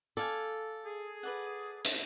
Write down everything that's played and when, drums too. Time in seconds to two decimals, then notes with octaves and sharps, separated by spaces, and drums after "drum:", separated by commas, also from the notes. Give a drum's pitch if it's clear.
0.17 A4 D5 F5 G#5
0.85 G#4
1.23 B4 D5 F#5
1.85 drum: hi-hat